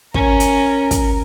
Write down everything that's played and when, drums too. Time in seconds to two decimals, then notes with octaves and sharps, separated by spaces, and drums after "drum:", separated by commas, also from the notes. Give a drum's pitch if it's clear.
0.14 C#4 A#4, drum: kick
0.40 drum: hi-hat
0.91 drum: kick, hi-hat